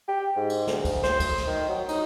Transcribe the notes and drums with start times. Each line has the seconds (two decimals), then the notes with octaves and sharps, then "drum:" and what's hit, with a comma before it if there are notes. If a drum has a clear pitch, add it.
0.08 G4
0.36 G#2
0.50 drum: cymbal
0.67 D2, drum: snare
0.85 drum: kick, cymbal
1.03 C5, drum: snare
1.20 drum: kick, cymbal
1.37 drum: snare
1.47 D#3
1.69 F#3
1.88 D#4, drum: cymbal